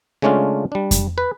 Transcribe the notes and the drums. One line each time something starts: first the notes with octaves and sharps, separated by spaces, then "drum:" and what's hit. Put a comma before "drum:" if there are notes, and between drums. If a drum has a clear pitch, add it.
C#3 G#3 A3 C#4 D4 F4
G3 D4
drum: kick F2, hi-hat
B4